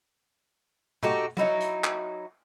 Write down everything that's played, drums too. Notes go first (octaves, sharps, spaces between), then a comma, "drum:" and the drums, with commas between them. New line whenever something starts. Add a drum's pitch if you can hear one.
A3 D#4 F#4 G4, drum: tom A#2
F#3 D#4 E4 F#4, drum: tom F#3
drum: hi-hat
drum: clap